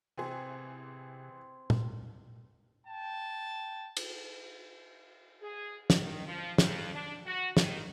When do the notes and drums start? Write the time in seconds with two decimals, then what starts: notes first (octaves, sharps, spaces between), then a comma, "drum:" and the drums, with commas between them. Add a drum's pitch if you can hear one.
0.17 A1 C3 E3 C4 G#4
1.70 drum: tom
2.85 G5 A5
3.97 drum: cymbal
5.42 G#4
5.90 D#3, drum: snare
6.26 F3
6.58 F2, drum: snare
6.94 D4
7.26 F#4
7.57 D#3, drum: snare